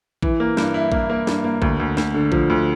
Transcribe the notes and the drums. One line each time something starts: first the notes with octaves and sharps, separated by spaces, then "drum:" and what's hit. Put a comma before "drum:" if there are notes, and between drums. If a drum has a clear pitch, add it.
E3, drum: kick A#1
A#3
G2, drum: snare
E4
A#3, drum: kick A#1
A#3
G2, drum: snare
A#3
D2, drum: kick A#1
D2
D2, drum: snare
D3
F3, drum: kick A#1
D2